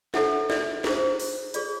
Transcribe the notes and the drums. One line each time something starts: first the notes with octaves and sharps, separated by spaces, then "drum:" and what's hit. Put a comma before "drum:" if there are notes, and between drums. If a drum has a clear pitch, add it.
E4 A4 C#5 E5 F#5, drum: snare
D5 E5, drum: snare
E4 G#4 C5, drum: snare
drum: open hi-hat
F4 G#4 C#5 D5, drum: hi-hat